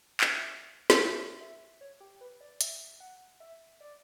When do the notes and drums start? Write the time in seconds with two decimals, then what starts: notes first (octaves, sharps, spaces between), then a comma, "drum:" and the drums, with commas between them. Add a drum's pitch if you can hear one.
0.21 E5, drum: clap
0.90 drum: snare
1.01 E5
1.41 E5
1.81 C#5
2.00 G4
2.21 B4
2.41 D5
2.61 E5, drum: hi-hat
3.00 F#5
3.40 E5
3.80 D5